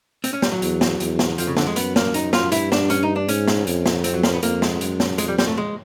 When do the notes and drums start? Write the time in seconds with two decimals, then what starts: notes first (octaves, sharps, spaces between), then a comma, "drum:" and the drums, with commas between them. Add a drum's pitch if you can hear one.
0.24 C4, drum: hi-hat
0.33 C#4
0.42 G3, drum: snare
0.52 F#3
0.62 E2, drum: hi-hat
0.81 drum: snare
1.00 E2, drum: hi-hat
1.19 drum: snare
1.38 F2 F3, drum: hi-hat
1.47 C#3
1.57 D3, drum: snare
1.67 G#3
1.76 F#2 B3, drum: hi-hat
1.96 A#3, drum: snare
2.14 D#4, drum: hi-hat
2.33 F4, drum: snare
2.52 G2 E4, drum: hi-hat
2.72 D4, drum: snare
2.90 C#4, drum: hi-hat
3.03 D#4
3.16 D4
3.29 G#2 C#4, drum: hi-hat
3.48 drum: snare
3.67 F2, drum: hi-hat
3.86 drum: snare
4.04 C4, drum: hi-hat
4.14 F#3
4.23 A#3, drum: snare
4.33 B3
4.43 F2 A#3, drum: hi-hat
4.62 G#3, drum: snare
4.81 F#2, drum: hi-hat
5.00 drum: snare
5.18 F2 G#3, drum: hi-hat
5.28 G3
5.39 G3, drum: snare
5.47 A3
5.58 G#3